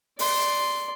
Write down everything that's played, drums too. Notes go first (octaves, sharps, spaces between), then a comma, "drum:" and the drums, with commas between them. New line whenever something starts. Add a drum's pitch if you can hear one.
D5 C6, drum: open hi-hat